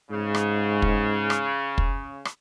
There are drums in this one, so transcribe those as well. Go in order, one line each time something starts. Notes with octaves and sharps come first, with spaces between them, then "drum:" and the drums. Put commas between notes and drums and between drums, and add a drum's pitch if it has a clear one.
G#2 C#3
drum: rim click
drum: kick
drum: rim click
drum: kick
drum: rim click